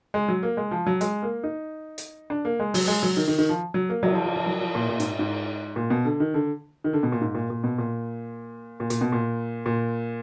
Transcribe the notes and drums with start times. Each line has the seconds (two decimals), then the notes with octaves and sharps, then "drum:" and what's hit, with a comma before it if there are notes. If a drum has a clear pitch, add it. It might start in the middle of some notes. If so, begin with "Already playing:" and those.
0.14 G#3
0.28 F#3
0.43 A#3
0.57 G#3
0.71 F3
0.86 F#3
1.01 G#3, drum: hi-hat
1.23 A#3
1.43 D#4
1.98 drum: hi-hat
2.30 D4
2.45 A#3
2.60 G#3
2.74 F#3, drum: open hi-hat
2.88 G#3
3.03 F#3
3.17 D#3
3.28 D#3
3.38 D#3
3.49 F3
3.74 F#3
3.89 A#3
4.03 F#3, drum: cymbal
4.14 F3
4.25 F3
4.36 F3
4.46 F#3
4.61 F3
4.75 A#2
4.89 A#2
5.00 G#2, drum: hi-hat
5.19 G#2
5.76 A#2
5.90 B2
6.05 D3
6.20 D#3
6.34 D3
6.84 D#3
6.93 D3
7.03 B2
7.12 A#2
7.21 G#2
7.35 A#2
7.50 A#2
7.64 B2
7.78 A#2
8.80 A#2
8.90 A#2, drum: hi-hat
9.01 B2
9.12 A#2
9.66 A#2